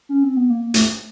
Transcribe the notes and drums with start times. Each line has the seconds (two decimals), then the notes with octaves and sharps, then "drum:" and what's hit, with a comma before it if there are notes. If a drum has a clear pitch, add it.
0.09 C#4
0.23 C4
0.37 B3
0.50 A#3
0.74 A3, drum: hi-hat